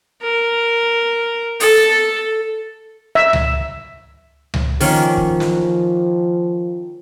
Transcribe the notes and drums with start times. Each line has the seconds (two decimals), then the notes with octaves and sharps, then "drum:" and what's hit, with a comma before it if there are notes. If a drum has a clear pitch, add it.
0.22 A#4
1.60 A4, drum: open hi-hat
3.15 E5
3.33 drum: tom C#2
4.54 drum: tom C#2
4.80 D#3 F3 A#3 C#4, drum: open hi-hat
5.17 drum: kick
5.40 drum: snare